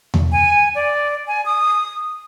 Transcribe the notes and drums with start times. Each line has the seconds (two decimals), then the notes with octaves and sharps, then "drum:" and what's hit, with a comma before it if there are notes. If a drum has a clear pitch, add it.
0.14 drum: tom E2
0.32 G#5
0.75 D5
1.28 G#5
1.46 D#6